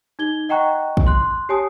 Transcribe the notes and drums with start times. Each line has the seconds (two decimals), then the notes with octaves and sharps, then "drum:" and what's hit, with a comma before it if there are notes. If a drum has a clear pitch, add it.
0.19 D#4 G#6 G7
0.49 D#5 F#5 G5 A#5 C#6 F#6
0.97 drum: kick
1.07 C6 F#6
1.49 G4 C#5 G#5 A5 D#6